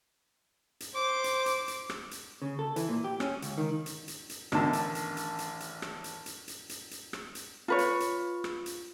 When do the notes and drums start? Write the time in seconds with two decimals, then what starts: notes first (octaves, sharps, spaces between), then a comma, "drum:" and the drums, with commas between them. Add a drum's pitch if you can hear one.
0.80 drum: hi-hat
0.95 C5 D6
1.24 drum: hi-hat
1.46 drum: hi-hat
1.68 drum: hi-hat
1.90 drum: rim click
2.11 drum: hi-hat
2.42 C#3
2.59 A4
2.76 E3, drum: hi-hat
2.89 A#2
3.04 G4
3.20 C#4, drum: rim click
3.42 C#2, drum: hi-hat
3.58 D#3
3.86 drum: hi-hat
4.08 drum: hi-hat
4.29 drum: hi-hat
4.52 A1 D3 D#3 A5, drum: rim click
4.73 drum: hi-hat
4.95 drum: hi-hat
5.17 drum: hi-hat
5.39 drum: hi-hat
5.60 drum: hi-hat
5.82 drum: rim click
6.04 drum: hi-hat
6.26 drum: hi-hat
6.48 drum: hi-hat
6.69 drum: hi-hat
6.91 drum: hi-hat
7.13 drum: rim click
7.35 drum: hi-hat
7.68 F4 B4 C#5
7.79 drum: hi-hat
8.00 drum: hi-hat
8.44 drum: rim click
8.66 drum: hi-hat